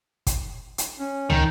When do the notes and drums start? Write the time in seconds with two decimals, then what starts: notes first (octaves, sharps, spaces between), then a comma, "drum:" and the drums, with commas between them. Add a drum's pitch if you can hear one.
0.27 drum: kick, hi-hat
0.78 drum: hi-hat
0.99 C#4
1.30 D#3, drum: tom